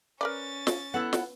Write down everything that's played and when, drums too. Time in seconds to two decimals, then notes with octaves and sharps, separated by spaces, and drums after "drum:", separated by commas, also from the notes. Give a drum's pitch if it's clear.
0.21 C#4 A#4 B4 D5 A6
0.67 drum: snare
0.94 B3 E4 A4 F#5
1.13 drum: snare